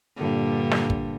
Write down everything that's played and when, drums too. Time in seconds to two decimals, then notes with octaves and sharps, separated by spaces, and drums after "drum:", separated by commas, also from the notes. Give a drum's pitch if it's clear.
0.17 G2 A#2 D3
0.71 drum: snare
0.90 drum: kick